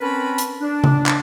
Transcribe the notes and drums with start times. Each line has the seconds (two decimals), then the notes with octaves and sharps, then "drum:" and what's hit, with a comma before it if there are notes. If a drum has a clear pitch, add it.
0.01 C4 C#4 A#4 B4 A5 B5
0.38 drum: hi-hat
0.61 D4
0.84 drum: tom C#3
1.06 drum: clap